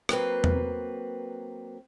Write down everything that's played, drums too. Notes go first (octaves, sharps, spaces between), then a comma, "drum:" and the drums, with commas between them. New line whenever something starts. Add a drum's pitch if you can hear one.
F#3 A#3 C4 B4, drum: rim click
drum: tom